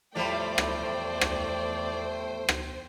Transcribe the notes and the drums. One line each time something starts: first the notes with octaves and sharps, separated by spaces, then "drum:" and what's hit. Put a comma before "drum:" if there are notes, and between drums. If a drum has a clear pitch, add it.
E2 A2 F3 G3 A3 C5 D5 G5
drum: rim click
drum: rim click
drum: rim click